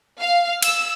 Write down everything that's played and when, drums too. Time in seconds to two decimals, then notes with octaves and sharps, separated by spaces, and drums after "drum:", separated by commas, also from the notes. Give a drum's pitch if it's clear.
0.20 F5
0.62 E6, drum: cymbal